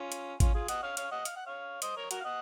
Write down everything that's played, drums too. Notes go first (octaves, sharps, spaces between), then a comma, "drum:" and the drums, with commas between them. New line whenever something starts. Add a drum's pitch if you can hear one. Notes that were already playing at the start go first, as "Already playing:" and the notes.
Already playing: C#4 F4
drum: hi-hat
C#4 F4, drum: kick G#1, hi-hat
F4 G#4
D#5 F#5, drum: hi-hat
C#5 F5
C#5 F5, drum: hi-hat
D#5 F#5
F5, drum: hi-hat
F#5
C#5 F5
C5 D#5, drum: hi-hat
A#4 C#5
F#4 A#4, drum: hi-hat
F5
D#5 F#5